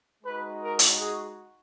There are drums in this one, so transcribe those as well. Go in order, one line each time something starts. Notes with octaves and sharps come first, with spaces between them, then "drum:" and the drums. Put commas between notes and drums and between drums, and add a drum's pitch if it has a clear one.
G#3 D#4 F#4 B4
A#4
drum: hi-hat
G#4